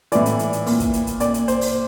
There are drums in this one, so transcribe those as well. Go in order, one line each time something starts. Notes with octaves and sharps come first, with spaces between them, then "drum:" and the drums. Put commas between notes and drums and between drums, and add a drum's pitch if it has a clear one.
A2 E3 D5, drum: hi-hat
drum: hi-hat
drum: hi-hat
drum: hi-hat
A#2, drum: open hi-hat
drum: kick, hi-hat
drum: hi-hat
drum: hi-hat
A#2 D5, drum: hi-hat
drum: hi-hat
C5, drum: hi-hat
drum: open hi-hat